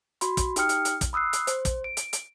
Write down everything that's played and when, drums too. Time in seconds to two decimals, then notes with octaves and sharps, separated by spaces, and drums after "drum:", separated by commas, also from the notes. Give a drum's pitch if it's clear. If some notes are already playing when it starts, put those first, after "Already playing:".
0.21 F#4 B5 C6, drum: hi-hat
0.37 drum: kick, hi-hat
0.56 D#4 G4 G5 D#6 F6 C#7, drum: hi-hat
0.69 drum: hi-hat
0.85 drum: hi-hat
1.01 drum: kick, hi-hat
1.13 B5 D#6 E6 F#6 C7
1.33 drum: hi-hat
1.47 C5, drum: hi-hat
1.65 drum: kick, hi-hat
1.84 D7
1.97 drum: hi-hat
2.13 drum: hi-hat